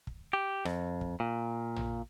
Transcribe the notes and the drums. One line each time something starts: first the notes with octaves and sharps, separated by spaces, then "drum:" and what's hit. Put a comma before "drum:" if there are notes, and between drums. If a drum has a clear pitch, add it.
drum: kick
G4
F2, drum: rim click
drum: kick
A#2
drum: tom